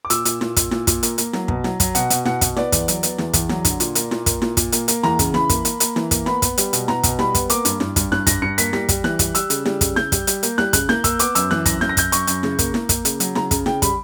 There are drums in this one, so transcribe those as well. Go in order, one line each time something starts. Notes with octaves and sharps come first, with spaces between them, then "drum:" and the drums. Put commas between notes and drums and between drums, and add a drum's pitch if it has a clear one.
D6
A#2 E6, drum: hi-hat
A#2, drum: hi-hat
A#2, drum: snare E4
A#2, drum: kick, hi-hat
A#2, drum: snare E4
A#2, drum: kick, hi-hat
A#3, drum: hi-hat
A#3, drum: hi-hat
F#3, drum: snare E4
B2, drum: kick
F#3, drum: snare E4
F#3, drum: kick, hi-hat
B2 F#5, drum: hi-hat
B2, drum: hi-hat
B2 F#5, drum: snare E4
B2, drum: kick, hi-hat
B3 D5, drum: snare E4
E2, drum: kick, hi-hat
F#3, drum: hi-hat
B3, drum: hi-hat
E2, drum: snare E4
E2, drum: kick, hi-hat
F#3, drum: snare E4
D3, drum: kick, hi-hat
A#2, drum: hi-hat
A#3, drum: hi-hat
A#2, drum: snare E4
A#3, drum: kick, hi-hat
A#2, drum: snare E4
A#2, drum: kick, hi-hat
A#3, drum: hi-hat
A#3, drum: hi-hat
E2 A#5, drum: snare E4
C#3, drum: kick, hi-hat
E3 B5, drum: snare E4
A#3, drum: kick, hi-hat
A#3, drum: hi-hat
A#3, drum: hi-hat
E3, drum: snare E4
A#3, drum: kick, hi-hat
B3 B5, drum: snare E4
B3, drum: kick, hi-hat
G3, drum: hi-hat
B2, drum: hi-hat
B3 A#5, drum: snare E4
B2, drum: kick, hi-hat
G3 B5, drum: snare E4
B3, drum: kick, hi-hat
A#3 D6, drum: hi-hat
G2, drum: hi-hat
G2, drum: snare E4
G2, drum: kick, hi-hat
G2 F#6, drum: snare E4
G2 A#6, drum: kick, hi-hat
G2 C#7
A#3 B6, drum: hi-hat
G3 B6, drum: snare E4
G3, drum: kick, hi-hat
E3 F#6, drum: snare E4
G3, drum: kick, hi-hat
G3 E6, drum: hi-hat
C#3, drum: hi-hat
G3, drum: snare E4
C#3, drum: kick, hi-hat
C#3 G6, drum: snare E4
G3, drum: kick, hi-hat
G3, drum: hi-hat
A#3, drum: hi-hat
G3 F#6, drum: snare E4
C#3 F#6, drum: kick, hi-hat
A#3 G6, drum: snare E4
A#3 E6, drum: kick, hi-hat
B3 D6, drum: hi-hat
F#2 E6, drum: hi-hat
E3 F#6, drum: snare E4
F#2 A#6, drum: kick, hi-hat
F#2 G6, drum: snare E4
A#6
F#2 G6, drum: kick, hi-hat
F#2 C#6, drum: hi-hat
F#2, drum: hi-hat
C#3, drum: snare E4
A#3, drum: kick, hi-hat
A#3, drum: snare E4
A#3, drum: kick, hi-hat
C#3, drum: hi-hat
F#3, drum: hi-hat
C#3 A#5, drum: snare E4
C#3, drum: kick, hi-hat
C#3 G5, drum: snare E4
G3 B5, drum: kick, hi-hat